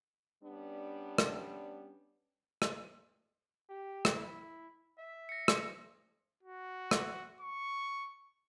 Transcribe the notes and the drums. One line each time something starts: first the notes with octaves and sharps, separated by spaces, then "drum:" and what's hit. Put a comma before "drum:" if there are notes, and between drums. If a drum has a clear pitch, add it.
G3 B3 C#4 D4
drum: rim click
drum: rim click
G4
drum: rim click
E4
E5
A#6 C#7
drum: rim click
F#4
drum: rim click
C#6